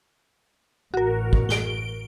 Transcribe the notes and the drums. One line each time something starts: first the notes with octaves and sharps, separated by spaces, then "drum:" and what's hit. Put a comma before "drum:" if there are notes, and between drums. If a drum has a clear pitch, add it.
A1 F#4 A#4
drum: kick
D7 G7, drum: snare